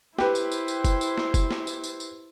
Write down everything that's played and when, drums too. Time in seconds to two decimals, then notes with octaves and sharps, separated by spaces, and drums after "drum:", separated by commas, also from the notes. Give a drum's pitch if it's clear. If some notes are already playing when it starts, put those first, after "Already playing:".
0.18 E4 G4 B4 C5, drum: snare
0.35 drum: tambourine
0.51 drum: tambourine
0.68 drum: tambourine
0.85 drum: kick F#1, tambourine
1.01 drum: tambourine
1.18 drum: snare
1.34 drum: kick F#1, tambourine
1.51 drum: snare
1.67 drum: tambourine
1.84 drum: tambourine
2.00 drum: tambourine